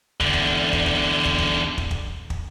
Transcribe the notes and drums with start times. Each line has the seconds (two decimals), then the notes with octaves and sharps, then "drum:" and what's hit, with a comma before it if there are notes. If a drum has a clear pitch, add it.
0.20 E2 D3, drum: kick
0.33 drum: kick
0.73 drum: kick
0.86 drum: kick
1.25 drum: kick
1.38 drum: kick
1.78 drum: kick
1.91 drum: kick
2.30 drum: kick